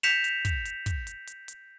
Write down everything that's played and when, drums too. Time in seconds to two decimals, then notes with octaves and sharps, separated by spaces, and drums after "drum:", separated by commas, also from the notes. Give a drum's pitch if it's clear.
0.03 G6 A#6 B6 C#7 E7 F7, drum: hi-hat
0.24 drum: hi-hat
0.45 drum: kick, hi-hat
0.65 drum: hi-hat
0.86 drum: kick, hi-hat
1.07 drum: hi-hat
1.27 drum: hi-hat
1.48 drum: hi-hat